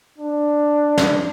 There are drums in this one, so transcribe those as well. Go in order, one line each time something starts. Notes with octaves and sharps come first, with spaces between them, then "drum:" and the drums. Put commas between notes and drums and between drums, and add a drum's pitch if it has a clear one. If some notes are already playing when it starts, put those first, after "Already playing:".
D4
drum: snare